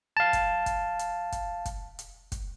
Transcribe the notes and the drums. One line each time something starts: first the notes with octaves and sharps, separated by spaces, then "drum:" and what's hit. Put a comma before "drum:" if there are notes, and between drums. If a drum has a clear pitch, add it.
F5 A5
drum: kick, hi-hat
drum: kick, hi-hat
drum: hi-hat
drum: kick, hi-hat
drum: kick, hi-hat
drum: hi-hat
drum: kick, hi-hat